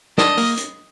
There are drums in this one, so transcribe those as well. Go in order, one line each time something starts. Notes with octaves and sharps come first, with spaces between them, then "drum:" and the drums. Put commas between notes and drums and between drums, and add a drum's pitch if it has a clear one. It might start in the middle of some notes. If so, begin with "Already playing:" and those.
D4 D#5, drum: snare
A#3, drum: open hi-hat
drum: hi-hat